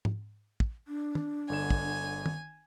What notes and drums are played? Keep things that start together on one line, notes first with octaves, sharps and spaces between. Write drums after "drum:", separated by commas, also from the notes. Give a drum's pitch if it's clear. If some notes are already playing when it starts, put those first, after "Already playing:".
drum: tom G#2
drum: kick
D4
drum: tom
G1 D3 G#5 E7
drum: kick
drum: tom